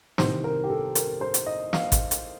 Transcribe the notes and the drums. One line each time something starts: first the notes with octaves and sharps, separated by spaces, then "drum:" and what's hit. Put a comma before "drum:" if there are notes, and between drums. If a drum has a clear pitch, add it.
C2 C3 D#3 C5, drum: snare
A#4
G4
A4
A#4, drum: hi-hat
C5
drum: hi-hat
D#5
F5, drum: snare
drum: kick, hi-hat
drum: hi-hat